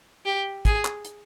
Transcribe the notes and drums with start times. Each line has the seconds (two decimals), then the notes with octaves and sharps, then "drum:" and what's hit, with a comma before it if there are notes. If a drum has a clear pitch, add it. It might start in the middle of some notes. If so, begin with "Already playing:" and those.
0.25 G4
0.65 G#4, drum: kick, hi-hat
0.85 drum: clap
1.05 drum: hi-hat